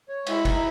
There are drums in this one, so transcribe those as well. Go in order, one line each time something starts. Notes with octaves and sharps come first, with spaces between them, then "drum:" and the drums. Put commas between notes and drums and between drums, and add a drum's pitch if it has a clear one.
C#5
G#3 E4, drum: cymbal
D#4, drum: kick, cymbal